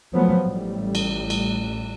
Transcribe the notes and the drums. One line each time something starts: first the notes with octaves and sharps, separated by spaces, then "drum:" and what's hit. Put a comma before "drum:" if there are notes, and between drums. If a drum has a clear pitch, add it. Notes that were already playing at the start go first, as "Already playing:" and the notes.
F3 F#3 A3 B3
A1 A2 G3
drum: cymbal
drum: cymbal